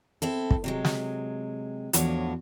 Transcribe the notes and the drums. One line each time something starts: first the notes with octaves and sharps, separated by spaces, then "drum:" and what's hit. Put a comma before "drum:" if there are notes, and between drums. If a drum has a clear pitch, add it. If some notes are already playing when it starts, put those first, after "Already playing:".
C4 E4 A4
drum: kick
C3 F#3 G#3
drum: snare
E2 A2 F3 D4 F#4 C#5, drum: hi-hat